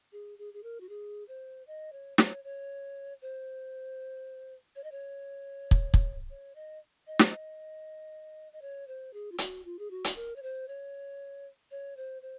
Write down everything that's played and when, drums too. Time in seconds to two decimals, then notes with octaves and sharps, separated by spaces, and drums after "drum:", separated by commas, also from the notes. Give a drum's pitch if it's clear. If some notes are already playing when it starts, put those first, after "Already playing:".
0.12 G#4
0.38 G#4
0.53 G#4
0.63 A#4
0.80 F#4
0.89 G#4
1.28 C5
1.67 D#5
1.92 C#5
2.18 C#5, drum: snare
2.44 C#5
3.22 C5
4.76 C#5
4.84 D#5
4.91 C#5
5.71 drum: kick
5.94 drum: kick
6.30 C#5
6.55 D#5
7.07 D#5
7.19 drum: snare
7.29 D#5
8.53 D#5
8.61 C#5
8.88 C5
9.13 G#4
9.32 F4
9.38 F#4, drum: hi-hat
9.65 F4
9.79 G#4
9.91 F#4
10.04 drum: hi-hat
10.16 A#4
10.36 C#5
10.42 C5
10.68 C#5
11.71 C#5
11.97 C5
12.22 C5